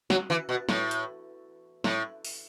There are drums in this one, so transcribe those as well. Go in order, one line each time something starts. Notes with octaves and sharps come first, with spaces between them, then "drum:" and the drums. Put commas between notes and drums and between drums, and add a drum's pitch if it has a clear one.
F#3, drum: snare
E3
B2
A2, drum: snare
drum: hi-hat
A2, drum: snare
drum: open hi-hat